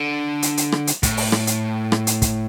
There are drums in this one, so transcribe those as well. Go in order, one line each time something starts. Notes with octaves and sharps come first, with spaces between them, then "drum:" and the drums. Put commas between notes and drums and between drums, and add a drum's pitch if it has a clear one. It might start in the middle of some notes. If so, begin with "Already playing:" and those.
Already playing: D3
drum: hi-hat
drum: hi-hat
drum: rim click
drum: hi-hat
A2, drum: kick, hi-hat
drum: open hi-hat
drum: rim click
drum: hi-hat
drum: rim click
drum: hi-hat
drum: kick, hi-hat